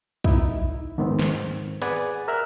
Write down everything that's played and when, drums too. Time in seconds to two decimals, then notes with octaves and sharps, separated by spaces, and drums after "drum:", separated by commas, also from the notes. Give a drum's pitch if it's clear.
0.24 D#4 E4, drum: kick
0.98 E2 G#2 D#3 B3 C4
1.19 drum: snare
1.82 G#4 B4 D5 F#5 G#5, drum: hi-hat
2.28 A#4 E5 F6 F#6